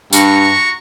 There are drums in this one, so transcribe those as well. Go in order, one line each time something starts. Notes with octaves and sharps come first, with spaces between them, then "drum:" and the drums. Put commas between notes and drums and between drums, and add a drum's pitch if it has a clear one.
G2 F#4 A#5 C#6, drum: tambourine